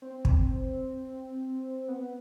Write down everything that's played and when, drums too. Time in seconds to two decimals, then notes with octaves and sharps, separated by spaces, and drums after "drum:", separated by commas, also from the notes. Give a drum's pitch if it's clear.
0.02 C4
0.25 drum: kick
1.88 B3